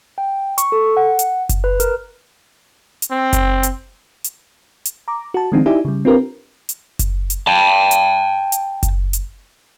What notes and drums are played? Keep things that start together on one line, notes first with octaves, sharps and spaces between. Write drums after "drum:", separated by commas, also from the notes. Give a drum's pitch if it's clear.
G5
C#6, drum: hi-hat
A4
F#5
drum: hi-hat
drum: kick F#1, hi-hat
B4
A#4, drum: hi-hat
drum: hi-hat
C4
drum: kick F#1, hi-hat
drum: hi-hat
drum: hi-hat
drum: hi-hat
A#5 D6
F#4 A5
D#3 F3 G#3 C4 D4 D#4
D#4 E4 G4 D5 E5 G#5
C#3 G3
C4 D4 F4 G4 A#4 B4
drum: hi-hat
drum: kick F#1, hi-hat
drum: hi-hat
G5 A5
drum: hi-hat
drum: hi-hat
drum: kick F#1, hi-hat
drum: hi-hat